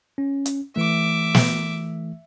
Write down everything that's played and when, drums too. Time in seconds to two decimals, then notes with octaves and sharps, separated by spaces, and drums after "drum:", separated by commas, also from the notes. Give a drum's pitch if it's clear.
0.18 C#4
0.46 drum: hi-hat
0.76 E3 A3 E5 D6
1.35 drum: snare